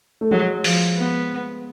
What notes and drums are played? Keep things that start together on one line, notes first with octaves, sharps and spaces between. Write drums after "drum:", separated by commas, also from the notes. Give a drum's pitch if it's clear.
A3
F#3 G#3
F3, drum: open hi-hat
B3